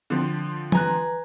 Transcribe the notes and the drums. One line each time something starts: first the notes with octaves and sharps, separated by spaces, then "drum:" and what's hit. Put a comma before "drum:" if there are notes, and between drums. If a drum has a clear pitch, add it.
D3 F3 C4
B4 G#5 A#5 F#6, drum: tom E3